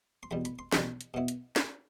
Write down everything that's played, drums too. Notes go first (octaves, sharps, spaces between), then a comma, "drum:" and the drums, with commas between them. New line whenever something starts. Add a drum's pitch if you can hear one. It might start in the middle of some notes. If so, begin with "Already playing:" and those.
C6
E2 B2 G3 B5
B5, drum: hi-hat
C6
E2 B2 G3, drum: snare
drum: hi-hat
B2 B3 E4
drum: hi-hat
drum: snare